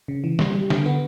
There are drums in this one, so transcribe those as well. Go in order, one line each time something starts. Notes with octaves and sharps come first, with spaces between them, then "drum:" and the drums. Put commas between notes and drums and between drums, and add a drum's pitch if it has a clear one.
C#3
E3
G3, drum: snare
G3
D3, drum: snare
B3